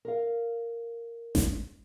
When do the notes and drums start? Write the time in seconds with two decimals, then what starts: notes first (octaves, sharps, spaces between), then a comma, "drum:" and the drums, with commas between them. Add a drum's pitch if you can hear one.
0.05 A#4 F5
1.35 drum: snare G#1